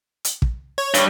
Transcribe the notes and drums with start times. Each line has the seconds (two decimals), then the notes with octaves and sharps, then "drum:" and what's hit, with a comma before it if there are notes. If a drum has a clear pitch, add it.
0.25 drum: hi-hat
0.42 drum: kick
0.78 C#5
0.94 G2 G3, drum: hi-hat